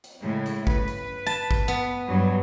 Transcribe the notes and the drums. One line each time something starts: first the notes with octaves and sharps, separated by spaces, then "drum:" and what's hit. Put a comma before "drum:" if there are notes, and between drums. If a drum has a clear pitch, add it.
drum: hi-hat
A2 C#3 G#3
drum: hi-hat
B4, drum: kick G#1
drum: hi-hat
A5
drum: kick G#1
B3
G2 F#3